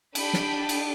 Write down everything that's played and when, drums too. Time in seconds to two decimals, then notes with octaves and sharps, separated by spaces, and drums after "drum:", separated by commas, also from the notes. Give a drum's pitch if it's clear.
0.15 D4 G4 G5 B5, drum: cymbal
0.33 drum: snare
0.69 drum: cymbal